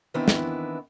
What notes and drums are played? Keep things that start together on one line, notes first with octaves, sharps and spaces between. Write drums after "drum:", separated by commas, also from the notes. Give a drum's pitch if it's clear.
D#3 E3 B3 C4 D4 E4
drum: snare